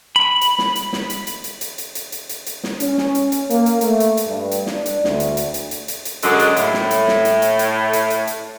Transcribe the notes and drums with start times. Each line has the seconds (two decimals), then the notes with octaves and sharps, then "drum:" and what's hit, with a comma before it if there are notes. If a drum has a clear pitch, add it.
0.16 B5
0.41 drum: hi-hat
0.58 drum: snare
0.76 drum: hi-hat
0.93 drum: snare
1.10 drum: hi-hat
1.27 drum: hi-hat
1.44 drum: hi-hat
1.61 drum: hi-hat
1.78 drum: hi-hat
1.95 drum: hi-hat
2.12 drum: hi-hat
2.29 drum: hi-hat
2.46 drum: hi-hat
2.64 drum: snare
2.80 C#4, drum: hi-hat
2.98 drum: snare
3.15 drum: hi-hat
3.32 drum: hi-hat
3.50 A#3, drum: hi-hat
3.66 drum: hi-hat
3.81 A3, drum: hi-hat
4.00 drum: hi-hat
4.17 drum: hi-hat
4.27 G2
4.51 drum: hi-hat
4.66 D4, drum: snare
4.86 drum: hi-hat
5.04 D2, drum: snare
5.20 drum: hi-hat
5.37 drum: hi-hat
5.54 drum: hi-hat
5.71 drum: hi-hat
5.88 drum: hi-hat
6.05 drum: hi-hat
6.22 F#2 D3 F#3 G#3, drum: hi-hat
6.39 drum: hi-hat
6.57 A2, drum: hi-hat
6.74 drum: snare
6.91 drum: hi-hat
7.08 drum: snare
7.25 drum: hi-hat
7.42 drum: hi-hat
7.59 drum: hi-hat
7.93 drum: hi-hat
8.10 drum: hi-hat
8.27 drum: hi-hat